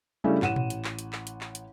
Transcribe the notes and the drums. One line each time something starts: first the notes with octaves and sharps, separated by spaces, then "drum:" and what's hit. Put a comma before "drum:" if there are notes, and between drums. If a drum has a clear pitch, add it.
C#3 G3 A3 C#4 D4 E4
A1 F#5 D#7 E7, drum: clap
drum: tom A#2
drum: hi-hat
drum: clap
drum: hi-hat
drum: clap
drum: hi-hat
drum: clap
drum: hi-hat